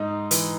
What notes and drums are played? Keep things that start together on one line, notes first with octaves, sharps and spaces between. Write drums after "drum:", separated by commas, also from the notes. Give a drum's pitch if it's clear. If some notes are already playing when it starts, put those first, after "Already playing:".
Already playing: G#2 D#4
E3, drum: hi-hat